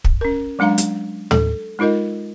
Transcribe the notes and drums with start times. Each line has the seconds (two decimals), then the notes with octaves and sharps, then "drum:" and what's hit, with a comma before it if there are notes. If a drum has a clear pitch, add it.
0.04 drum: kick
0.21 C#4 A#4
0.59 F#3 G#3 D4 F5 A#5
0.78 drum: hi-hat
1.31 A4, drum: tom
1.79 G#3 D#4 F4 A#4 D#5